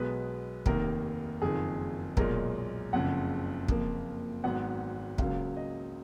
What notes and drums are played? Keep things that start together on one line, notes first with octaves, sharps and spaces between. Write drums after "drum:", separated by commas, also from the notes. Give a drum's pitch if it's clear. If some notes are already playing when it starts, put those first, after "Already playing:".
Already playing: B1 B2 G#3 B3 B4
F1 D#2 D#3 A#3 A#4, drum: kick
F#1 F2 D#3 G#4
B1 A#2 G#3 A#4, drum: kick
F#1 F2 C#3 F#5
F#1 F2 F3 A#3, drum: kick
G#1 G#2 F#3 B3 F#5
C#2 C#3 F#3 A#3 F5, drum: kick
D#5